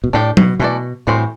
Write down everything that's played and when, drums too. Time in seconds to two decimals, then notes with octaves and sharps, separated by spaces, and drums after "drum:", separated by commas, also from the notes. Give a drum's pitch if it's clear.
0.04 B2
0.13 A2 D4 G4 D5
0.37 B2, drum: tom F#3
0.60 B2 E3 A3 E4 B4 D5
1.07 A2 E3 G3 C4 F#4 C5